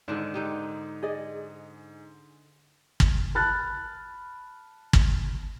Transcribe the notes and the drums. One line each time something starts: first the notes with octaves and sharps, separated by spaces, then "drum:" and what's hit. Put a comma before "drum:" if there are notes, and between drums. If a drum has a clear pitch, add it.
G#2 D3 D#3 D4
D3 D#4 G4
G#4 D5 D#5
drum: kick
A5 B5 F6 F#6 A6
drum: kick